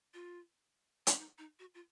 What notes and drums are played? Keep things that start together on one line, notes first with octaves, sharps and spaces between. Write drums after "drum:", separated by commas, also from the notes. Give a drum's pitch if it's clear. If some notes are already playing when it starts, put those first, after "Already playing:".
F4
C#4, drum: hi-hat
D#4
D#4
F#4
F4